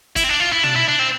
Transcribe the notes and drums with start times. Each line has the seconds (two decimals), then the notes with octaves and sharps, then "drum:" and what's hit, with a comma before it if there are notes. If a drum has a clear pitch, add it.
0.16 E4, drum: kick, hi-hat
0.24 C4
0.29 D4
0.40 F4
0.52 E4
0.64 D4, drum: tom
0.76 E4
0.89 D4
0.99 C4